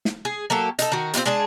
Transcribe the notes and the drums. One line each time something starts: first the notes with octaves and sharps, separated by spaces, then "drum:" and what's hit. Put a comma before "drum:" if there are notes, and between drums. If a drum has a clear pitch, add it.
drum: snare
G#4
F#3 A#3 G4 A4
D#4 A4, drum: hi-hat
D#3 F#4
C4 D#4 F4 G4, drum: hi-hat
G#3 D4 G#4 A5